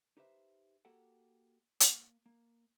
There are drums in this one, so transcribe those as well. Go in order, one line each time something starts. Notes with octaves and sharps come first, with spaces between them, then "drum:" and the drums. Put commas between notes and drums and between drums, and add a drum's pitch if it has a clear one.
D#4 G4 B4 C5 E5
A#3 F#4 G4 A4 F#5
A#3, drum: hi-hat
A#3